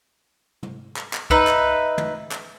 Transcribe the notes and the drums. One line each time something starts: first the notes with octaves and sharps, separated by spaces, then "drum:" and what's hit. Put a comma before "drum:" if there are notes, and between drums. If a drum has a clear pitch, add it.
drum: tom
drum: clap
drum: clap
D#4 B4 E5, drum: kick C2
drum: clap
drum: tom
drum: clap